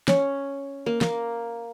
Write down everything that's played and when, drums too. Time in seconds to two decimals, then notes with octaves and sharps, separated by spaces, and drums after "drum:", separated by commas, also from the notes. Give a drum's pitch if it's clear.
0.08 C#4, drum: snare
0.86 A#3
1.01 A#3, drum: snare